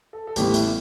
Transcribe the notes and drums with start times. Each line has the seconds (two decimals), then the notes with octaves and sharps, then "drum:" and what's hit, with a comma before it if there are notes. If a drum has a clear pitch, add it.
0.13 A4
0.27 A4
0.36 A1 A2 G3 B3 G4, drum: hi-hat
0.54 E4, drum: hi-hat